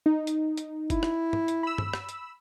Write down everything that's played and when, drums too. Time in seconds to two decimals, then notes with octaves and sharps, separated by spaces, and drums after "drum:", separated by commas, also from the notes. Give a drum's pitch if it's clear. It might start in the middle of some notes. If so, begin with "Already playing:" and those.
0.06 D#4
0.27 drum: hi-hat
0.57 drum: hi-hat
0.90 E4, drum: kick F#1, hi-hat
1.03 drum: rim click
1.33 drum: tom
1.48 drum: hi-hat
1.63 B5 E6
1.78 drum: tom G2
1.94 drum: rim click
2.09 drum: hi-hat